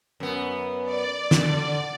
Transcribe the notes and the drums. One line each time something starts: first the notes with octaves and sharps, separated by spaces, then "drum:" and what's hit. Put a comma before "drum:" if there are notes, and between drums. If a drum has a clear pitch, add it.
F#2 B3
D5
drum: snare
D3